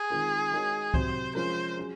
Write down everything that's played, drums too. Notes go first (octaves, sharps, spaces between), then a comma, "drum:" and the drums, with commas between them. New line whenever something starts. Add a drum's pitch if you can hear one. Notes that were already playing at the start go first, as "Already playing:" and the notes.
Already playing: G#4
D#3 G#3 C4 F4 A#4
G#3 D#4 F#4 A#4 C#5
C3 F#3 C4 F#4 C5, drum: kick C#2
F3 G#3 C#4 F4 A#4 C5
F#3 C#4 G#4